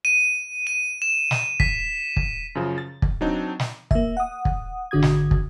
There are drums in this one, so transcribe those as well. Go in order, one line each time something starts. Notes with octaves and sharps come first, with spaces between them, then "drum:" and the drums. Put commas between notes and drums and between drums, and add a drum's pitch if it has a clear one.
D#7
D#7
E7
drum: snare
B6, drum: kick
drum: kick
F#2 C#3 F3
A6
drum: kick
F#3 C4 D4 D#4
drum: snare
A#3 E5, drum: kick
F#5 D#6
drum: kick
G#1 D3 F#4 D#6 G#6
drum: snare
drum: kick